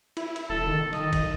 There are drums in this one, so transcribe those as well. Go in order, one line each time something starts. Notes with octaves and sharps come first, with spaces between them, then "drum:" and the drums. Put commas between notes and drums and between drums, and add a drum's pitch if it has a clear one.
E4, drum: cymbal
drum: cymbal
E1 A4
D#3
D#5, drum: snare
drum: kick A1, cymbal